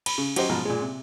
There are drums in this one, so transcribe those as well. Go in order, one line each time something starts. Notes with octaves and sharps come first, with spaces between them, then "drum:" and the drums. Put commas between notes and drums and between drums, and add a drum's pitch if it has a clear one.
B5, drum: cymbal
C#3
F#3 C#4 G4 C5 D#5, drum: cymbal
G#2 B2 F3 A#5 B5
A#2 G#3
C3